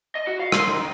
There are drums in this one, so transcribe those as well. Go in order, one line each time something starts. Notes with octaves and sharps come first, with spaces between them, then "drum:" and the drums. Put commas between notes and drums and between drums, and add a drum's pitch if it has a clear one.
D#5
F#4
F5
C6, drum: rim click
D#3